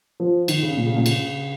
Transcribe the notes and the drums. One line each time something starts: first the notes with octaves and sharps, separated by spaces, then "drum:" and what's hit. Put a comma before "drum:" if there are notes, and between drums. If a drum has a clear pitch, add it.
F3
D#3, drum: cymbal
C#3
A#2
C#3
A#2
C#3, drum: cymbal